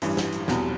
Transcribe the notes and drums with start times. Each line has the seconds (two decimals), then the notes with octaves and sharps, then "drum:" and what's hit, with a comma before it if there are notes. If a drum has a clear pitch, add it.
0.02 A1 G2 E3, drum: hi-hat
0.17 drum: snare
0.32 drum: hi-hat
0.48 F1 E2 B2 G3, drum: snare